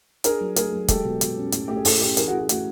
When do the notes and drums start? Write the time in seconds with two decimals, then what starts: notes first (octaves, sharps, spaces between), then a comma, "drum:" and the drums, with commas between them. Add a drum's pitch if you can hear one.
0.24 D4 G#4 A#4, drum: hi-hat
0.41 F#3
0.56 A3 G#4 A#4, drum: hi-hat
0.73 F#3
0.88 G#3 G4 A4, drum: kick, hi-hat
1.05 B2
1.21 B2, drum: hi-hat
1.37 C#4
1.52 A2, drum: hi-hat
1.68 A3 G4
1.76 G#4
1.85 A2 G4 A4, drum: open hi-hat
2.01 C#4 G4 A4
2.17 E3 G#4 A#4, drum: hi-hat
2.28 F#4 G#4
2.33 E3
2.39 F#4
2.49 A3 F#4, drum: hi-hat